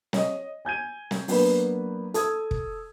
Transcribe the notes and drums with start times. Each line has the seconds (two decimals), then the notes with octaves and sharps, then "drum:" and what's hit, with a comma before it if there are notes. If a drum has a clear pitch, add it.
0.13 C#5 D#5, drum: snare
0.65 G#5 G6 G#6 D#7
1.11 drum: snare
1.28 F#3 A#3 B3 D4 F#4 B4, drum: open hi-hat
2.14 A4 D#6 G#6, drum: hi-hat
2.51 drum: kick